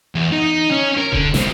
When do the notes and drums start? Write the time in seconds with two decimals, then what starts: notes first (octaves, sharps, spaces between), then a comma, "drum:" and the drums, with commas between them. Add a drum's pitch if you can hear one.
0.15 E2
0.32 D#4
0.71 C#4
0.97 A#4
1.13 D3, drum: kick D#1
1.34 C#2 C4, drum: snare